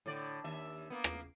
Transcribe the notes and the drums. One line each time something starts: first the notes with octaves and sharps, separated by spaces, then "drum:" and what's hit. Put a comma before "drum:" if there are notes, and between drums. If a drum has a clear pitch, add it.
A2 D3 D5
D#2 E5
A#3 B3
drum: rim click